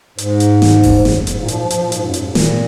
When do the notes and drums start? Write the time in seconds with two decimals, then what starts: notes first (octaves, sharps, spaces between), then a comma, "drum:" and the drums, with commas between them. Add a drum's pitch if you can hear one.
0.18 G#2, drum: hi-hat
0.40 drum: hi-hat
0.62 drum: snare
0.83 drum: kick F1, open hi-hat
1.05 F#2, drum: snare
1.27 G#2, drum: hi-hat
1.38 A#2
1.48 F3, drum: hi-hat
1.60 F3
1.70 F3, drum: hi-hat
1.81 A#2
1.92 G#2, drum: hi-hat
2.03 F#2
2.14 G#2, drum: hi-hat
2.24 A#2
2.35 drum: snare